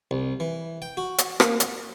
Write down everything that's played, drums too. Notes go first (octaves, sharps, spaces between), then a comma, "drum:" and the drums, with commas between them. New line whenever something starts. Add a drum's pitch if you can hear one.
C2
E3
G5
F#4
drum: hi-hat
A#3, drum: rim click
A#5, drum: hi-hat